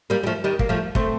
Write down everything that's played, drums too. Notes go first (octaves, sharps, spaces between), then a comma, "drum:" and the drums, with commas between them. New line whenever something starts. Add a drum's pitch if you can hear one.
G3 A#3
G3
F3 A3
D#3 G3
A#3, drum: kick
F3 A3
A3 C4, drum: kick